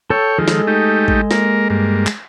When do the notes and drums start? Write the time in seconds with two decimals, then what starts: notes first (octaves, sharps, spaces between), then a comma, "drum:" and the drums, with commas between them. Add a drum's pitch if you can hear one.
0.10 A4 C#5 G5 E6
0.39 D#3 F3 G#3 G#4 A4
0.48 drum: snare
0.67 A3 D#4 G4
1.08 drum: kick
1.31 A#3 A#4, drum: snare
1.70 G2 A#3
2.07 drum: clap